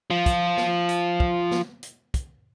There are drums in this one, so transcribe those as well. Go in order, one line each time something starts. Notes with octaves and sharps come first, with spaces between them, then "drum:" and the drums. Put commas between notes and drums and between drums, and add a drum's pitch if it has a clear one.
F3 F4
drum: kick, hi-hat
drum: snare
drum: hi-hat
drum: kick
drum: snare
drum: hi-hat
drum: kick, hi-hat